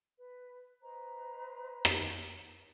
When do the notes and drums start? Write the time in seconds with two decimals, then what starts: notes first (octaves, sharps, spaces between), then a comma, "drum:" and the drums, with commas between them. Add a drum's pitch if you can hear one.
0.16 B4
0.81 B4 C5 D#5 A#5
1.85 drum: rim click